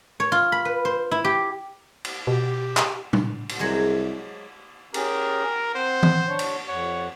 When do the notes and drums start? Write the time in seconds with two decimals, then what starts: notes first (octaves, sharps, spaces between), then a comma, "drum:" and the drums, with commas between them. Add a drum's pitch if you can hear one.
0.20 C#5
0.32 F4
0.52 B5
0.65 B4
0.85 C5
1.11 E4
1.24 G4
2.04 drum: cymbal
2.27 B2 G4
2.77 drum: clap
3.13 drum: tom
3.49 drum: cymbal
3.59 C2 F#3 G#3 C5
4.94 C#4 G4 G#4 A#4, drum: cymbal
5.75 C4 C5 F#5
6.03 drum: tom D#3
6.28 D4 C#5
6.39 drum: cymbal
6.68 F2 C#5 F#5